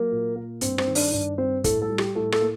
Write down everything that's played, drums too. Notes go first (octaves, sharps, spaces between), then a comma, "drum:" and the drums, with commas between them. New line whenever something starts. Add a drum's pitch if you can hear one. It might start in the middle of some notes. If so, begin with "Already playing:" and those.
Already playing: F#3 A#3 A#4
A#2
A#3
G2 C4 C5, drum: hi-hat
C4 C5, drum: rim click
D#3
D4 D5, drum: open hi-hat
G2 D4 D5
G3 C4 C5
A2 A3 A4, drum: kick, hi-hat
A3 A4
G3
G4, drum: rim click
A2 A3 A4
A3 A4, drum: rim click
A#3